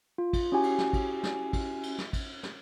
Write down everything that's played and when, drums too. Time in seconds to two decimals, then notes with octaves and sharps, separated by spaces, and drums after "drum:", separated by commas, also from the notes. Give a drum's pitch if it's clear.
0.18 F4
0.33 drum: kick, cymbal
0.52 C#4 E4 F#4 G4 G#5
0.63 drum: cymbal
0.78 drum: snare
0.93 drum: kick, cymbal
1.23 drum: snare
1.53 drum: kick, cymbal
1.83 drum: cymbal
1.98 drum: snare
2.13 drum: kick, cymbal
2.43 drum: snare